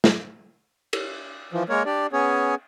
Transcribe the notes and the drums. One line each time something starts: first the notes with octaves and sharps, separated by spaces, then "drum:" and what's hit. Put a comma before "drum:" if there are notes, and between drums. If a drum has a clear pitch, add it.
drum: snare
drum: cymbal
E3 F3
G#3 A#3 A#4 C#5
D4 G4 D5
B3 C#4 G#4 C#5